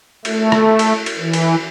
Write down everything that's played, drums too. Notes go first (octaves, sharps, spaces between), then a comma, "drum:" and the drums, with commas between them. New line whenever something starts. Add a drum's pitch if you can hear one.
A3, drum: cymbal
drum: rim click
drum: cymbal
drum: cymbal
E3
drum: cymbal